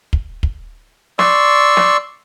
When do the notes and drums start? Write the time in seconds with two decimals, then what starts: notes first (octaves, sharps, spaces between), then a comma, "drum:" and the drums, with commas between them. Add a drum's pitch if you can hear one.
0.13 drum: kick
0.43 drum: kick
1.19 D5 C6 C#6 E6, drum: snare
1.77 drum: snare